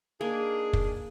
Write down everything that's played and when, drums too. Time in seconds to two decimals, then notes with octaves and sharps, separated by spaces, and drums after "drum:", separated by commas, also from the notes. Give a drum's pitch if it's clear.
0.21 A#3 D4 D#4 G#4
0.73 drum: kick